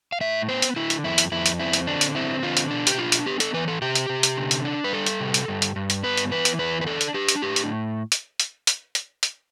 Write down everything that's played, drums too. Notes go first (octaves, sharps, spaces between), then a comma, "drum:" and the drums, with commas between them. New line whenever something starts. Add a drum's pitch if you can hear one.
F5
A2 E5
B3 C5
drum: hi-hat
D3 E4
drum: hi-hat
F2 E4
drum: hi-hat
F2 E4
drum: hi-hat
C4 E4
drum: hi-hat
D3 D4
drum: hi-hat
C4 E4
D3 F4
drum: hi-hat
B2 D4
G4, drum: hi-hat
D4 F4
drum: hi-hat
B3 G4
A4, drum: hi-hat
E3 B4
A4
C3 G4
drum: hi-hat
C3
drum: hi-hat
D3
drum: hi-hat
D4
B4
G3 A4
drum: hi-hat
C3
drum: hi-hat
G2
drum: hi-hat
G2
drum: hi-hat
B3 B4
drum: hi-hat
E3 B4
drum: hi-hat
E2 B4
B4
D4 A4
drum: hi-hat
D4 G4
drum: hi-hat
A2 G4
drum: hi-hat
drum: hi-hat
drum: hi-hat
drum: hi-hat
drum: hi-hat
drum: hi-hat